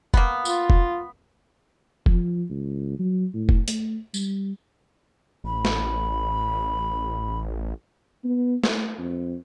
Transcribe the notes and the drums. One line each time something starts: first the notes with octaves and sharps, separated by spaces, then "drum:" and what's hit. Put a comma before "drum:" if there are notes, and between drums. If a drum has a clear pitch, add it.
A#3 B3, drum: kick F1
F4, drum: tambourine
drum: kick F1
F3, drum: kick F1
C#2
F#3
A2
drum: kick F1
A3, drum: hi-hat
G3, drum: tambourine
A1 B5
drum: snare
B3
A3, drum: snare
F2